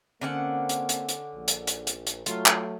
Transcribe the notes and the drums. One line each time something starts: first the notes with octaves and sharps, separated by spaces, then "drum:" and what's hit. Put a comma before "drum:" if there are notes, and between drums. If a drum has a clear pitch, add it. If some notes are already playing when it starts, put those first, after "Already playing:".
D3 A#3 C4 C#4 F#5
drum: hi-hat
drum: hi-hat
drum: hi-hat
A#1
drum: hi-hat
drum: hi-hat
drum: hi-hat
drum: hi-hat
F#3 A3 F4, drum: hi-hat
drum: clap